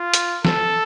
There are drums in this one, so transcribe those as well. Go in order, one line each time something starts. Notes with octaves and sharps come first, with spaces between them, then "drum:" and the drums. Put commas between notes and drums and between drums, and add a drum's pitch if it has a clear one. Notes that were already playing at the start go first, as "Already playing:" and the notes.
Already playing: F4
drum: hi-hat
A4, drum: snare